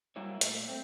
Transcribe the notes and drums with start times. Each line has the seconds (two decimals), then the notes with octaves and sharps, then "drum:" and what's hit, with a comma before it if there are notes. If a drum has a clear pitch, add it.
0.16 F#3 G3 A#3 E4 C#5
0.41 A#2 A3, drum: hi-hat
0.68 C4